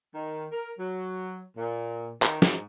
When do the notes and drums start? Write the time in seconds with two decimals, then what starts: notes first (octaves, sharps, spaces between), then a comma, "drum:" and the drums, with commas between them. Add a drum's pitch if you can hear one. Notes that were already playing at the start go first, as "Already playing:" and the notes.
0.14 D#3
0.52 A#4
0.79 F#3
1.57 A#2
2.22 D#3, drum: clap
2.42 G#2, drum: snare